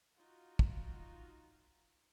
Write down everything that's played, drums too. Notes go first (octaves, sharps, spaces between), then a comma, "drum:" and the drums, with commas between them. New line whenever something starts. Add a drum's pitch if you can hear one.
D#4 F4 F#4
drum: kick